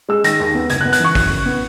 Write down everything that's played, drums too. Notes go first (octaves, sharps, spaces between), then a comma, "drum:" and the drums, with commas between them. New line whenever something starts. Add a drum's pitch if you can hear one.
G#3 E6
D#3 A#6, drum: hi-hat
D#2
B3
F#1 G#6, drum: hi-hat
F#6
B3
F#6, drum: hi-hat
E3 C#6
F#2, drum: kick, open hi-hat
F#1
B3